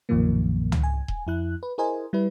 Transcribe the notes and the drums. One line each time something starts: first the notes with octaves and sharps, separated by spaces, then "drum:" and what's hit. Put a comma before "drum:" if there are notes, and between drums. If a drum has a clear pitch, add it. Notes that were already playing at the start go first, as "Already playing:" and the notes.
B1 F#2 A#2 D#3 F3 A#3
drum: tom
G#5
drum: kick D#1
F2 E4 F#6
B4
E4 G#4 A#4 C5 D#5 G#5
G3 E4 B4